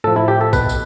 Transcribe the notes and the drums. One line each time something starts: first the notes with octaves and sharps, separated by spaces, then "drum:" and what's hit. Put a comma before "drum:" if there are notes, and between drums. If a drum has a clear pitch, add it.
A2 F3 A4
E4
G4
A4
B2 B4, drum: kick A#1, tambourine
drum: tambourine